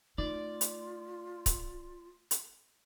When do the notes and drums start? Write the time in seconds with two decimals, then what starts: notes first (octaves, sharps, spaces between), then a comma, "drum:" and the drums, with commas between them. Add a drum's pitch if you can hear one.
0.18 A3 D#4 F4 D5
0.61 drum: hi-hat
1.46 drum: kick C#1, hi-hat
2.31 drum: hi-hat